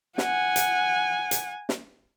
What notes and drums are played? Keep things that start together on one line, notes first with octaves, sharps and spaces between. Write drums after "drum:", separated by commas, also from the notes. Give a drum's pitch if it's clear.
F#5 G#5, drum: snare
drum: hi-hat
drum: hi-hat
drum: snare